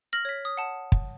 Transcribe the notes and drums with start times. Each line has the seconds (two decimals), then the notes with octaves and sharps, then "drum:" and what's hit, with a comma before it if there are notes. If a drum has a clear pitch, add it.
0.13 F6 A#6 F#7
0.25 C#5 B6
0.45 D#6
0.57 F#5 A5
0.92 drum: kick